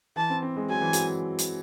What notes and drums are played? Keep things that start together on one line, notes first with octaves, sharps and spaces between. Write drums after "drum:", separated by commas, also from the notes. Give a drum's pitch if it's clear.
E3 A5
C4
C4
G#3
F#3 G#5
E3
F#3, drum: hi-hat
drum: hi-hat